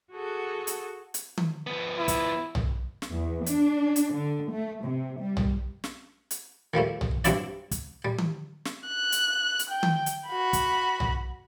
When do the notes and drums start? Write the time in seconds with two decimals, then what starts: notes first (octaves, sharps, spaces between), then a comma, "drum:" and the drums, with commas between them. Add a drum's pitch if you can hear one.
0.12 F#4 G#4 A4 F#5
0.67 drum: hi-hat
1.14 drum: hi-hat
1.37 drum: tom D#3
1.67 F3 B3
1.98 E4
2.08 drum: kick, hi-hat
2.55 drum: tom
3.02 drum: snare
3.12 E2
3.46 D4, drum: hi-hat
3.96 drum: hi-hat
4.14 D3
4.51 A3
4.84 C3
5.21 G3
5.37 drum: tom
5.84 drum: snare
6.31 drum: hi-hat
6.74 D#3 F3 G3 A3
7.01 drum: tom
7.24 G2 F#3 C4 D4 E4 D5, drum: hi-hat
7.71 drum: kick, hi-hat
8.05 G3
8.18 drum: tom D#3
8.65 drum: snare
8.87 F#6
9.12 drum: hi-hat
9.59 drum: hi-hat
9.70 G5
9.83 drum: tom D#3
10.06 drum: hi-hat
10.27 F#4 B5
10.53 drum: kick, hi-hat
11.00 drum: tom